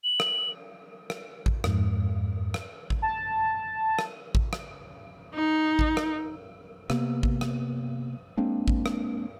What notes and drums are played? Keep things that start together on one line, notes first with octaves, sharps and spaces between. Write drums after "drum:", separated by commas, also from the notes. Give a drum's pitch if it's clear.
F#7
drum: rim click
drum: rim click
drum: kick A1
F2 G#2, drum: rim click
drum: rim click
drum: kick A1
A5
drum: rim click
drum: kick A1
drum: rim click
D#4
drum: kick A1
drum: rim click
C3 A#3 B3, drum: rim click
drum: kick A1
drum: rim click
G#3 A#3 C4 D4
drum: kick A1
drum: rim click